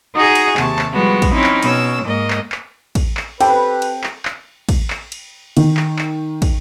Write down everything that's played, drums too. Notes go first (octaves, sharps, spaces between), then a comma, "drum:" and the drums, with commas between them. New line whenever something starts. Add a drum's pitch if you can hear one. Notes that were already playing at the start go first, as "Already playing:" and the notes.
D#4 F#4 G#4
drum: cymbal
D#2 C3 A5 C#6, drum: clap
drum: clap
F3 G3 G#3 B3 F#4
drum: kick, cymbal
C4 C#4 D#4 E4
drum: clap
B2 C#4 E6, drum: cymbal
G#2 A#3 D#5
drum: clap
drum: clap
drum: kick, cymbal
drum: clap
C4 G4 A4 B4 G5, drum: cymbal
drum: cymbal
drum: clap
drum: clap
drum: kick, cymbal
drum: clap
drum: cymbal
D#3, drum: cymbal
drum: clap
drum: clap
drum: kick, cymbal